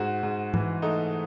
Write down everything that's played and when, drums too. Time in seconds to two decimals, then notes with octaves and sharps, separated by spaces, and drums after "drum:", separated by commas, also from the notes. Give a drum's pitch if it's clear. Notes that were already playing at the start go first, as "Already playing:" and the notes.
Already playing: G#2 F#4
0.23 G#2
0.54 E3, drum: tom G#2
0.82 A3 D#4